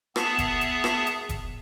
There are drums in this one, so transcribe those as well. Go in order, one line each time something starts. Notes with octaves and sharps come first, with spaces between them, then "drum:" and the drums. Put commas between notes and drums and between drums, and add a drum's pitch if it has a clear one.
B3 G#4 E5 A5, drum: rim click
drum: kick F1, hi-hat
drum: hi-hat
drum: rim click
drum: hi-hat
drum: kick F1, hi-hat